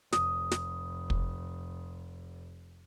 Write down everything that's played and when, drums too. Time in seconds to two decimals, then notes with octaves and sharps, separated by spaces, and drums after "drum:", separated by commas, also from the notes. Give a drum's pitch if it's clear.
0.13 F1 D#6, drum: snare
0.51 drum: snare
1.10 drum: kick